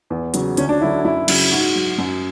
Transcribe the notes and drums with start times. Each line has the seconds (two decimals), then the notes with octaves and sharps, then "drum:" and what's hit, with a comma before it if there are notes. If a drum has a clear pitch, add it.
0.10 E2
0.34 C#3 F#3, drum: hi-hat
0.57 D2 C#4, drum: hi-hat
0.69 D4
0.81 D3 F#3 E4
1.05 F#2 E4
1.28 C#3 F#3, drum: cymbal
1.51 G#2 F#4
1.75 F#3
1.98 F#2